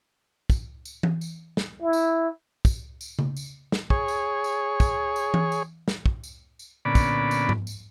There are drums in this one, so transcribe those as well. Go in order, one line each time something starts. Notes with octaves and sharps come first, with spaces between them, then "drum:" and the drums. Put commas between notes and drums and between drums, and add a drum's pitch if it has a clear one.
drum: kick, tambourine
drum: tambourine
drum: tom E3
drum: tambourine
drum: snare
E4
drum: tambourine
drum: kick, tambourine
drum: tambourine
drum: tom C#3
drum: tambourine
drum: snare
G#4 C#5, drum: kick
drum: tambourine
drum: tambourine
drum: kick, tambourine
drum: tambourine
drum: tom E3
drum: tambourine
drum: snare
drum: kick
drum: tambourine
drum: tambourine
A#2 D3 B3 C#4 D5 B5
drum: kick, tambourine
drum: tambourine
drum: tom G#2
drum: tambourine